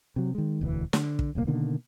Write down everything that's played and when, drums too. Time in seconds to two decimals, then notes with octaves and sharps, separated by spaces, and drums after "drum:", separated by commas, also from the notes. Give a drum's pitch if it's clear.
0.16 C3 F#3
0.35 D#3 G#3
0.61 E1 D2 C3 E3
0.93 D3, drum: snare
1.19 drum: kick
1.35 D#1 C2 B2 A#3
1.47 B2 D3 D#3 A#3